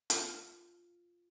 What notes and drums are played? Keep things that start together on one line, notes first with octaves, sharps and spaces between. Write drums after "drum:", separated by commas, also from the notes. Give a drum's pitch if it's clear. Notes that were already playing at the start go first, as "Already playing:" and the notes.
F4 F6, drum: hi-hat